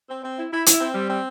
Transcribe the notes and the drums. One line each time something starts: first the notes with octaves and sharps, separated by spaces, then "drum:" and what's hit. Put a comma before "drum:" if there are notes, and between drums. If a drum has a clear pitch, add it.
C4
C4
E4
E4
E4, drum: hi-hat
C4
G3
C4